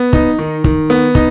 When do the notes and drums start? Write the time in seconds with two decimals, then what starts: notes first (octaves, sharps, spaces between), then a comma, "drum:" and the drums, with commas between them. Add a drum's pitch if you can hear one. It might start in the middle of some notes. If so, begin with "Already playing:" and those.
Already playing: B3
0.13 D#4, drum: kick
0.39 D#3
0.64 D#3, drum: kick
0.90 B3
1.15 D#4, drum: kick